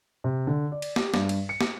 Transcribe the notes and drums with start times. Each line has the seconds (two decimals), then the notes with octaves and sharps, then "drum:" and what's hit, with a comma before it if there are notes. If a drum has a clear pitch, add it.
0.24 C3
0.47 D3
0.72 D5
0.82 drum: cymbal
0.96 G4, drum: snare
1.14 G2, drum: snare
1.29 drum: cymbal
1.49 C#7
1.61 drum: snare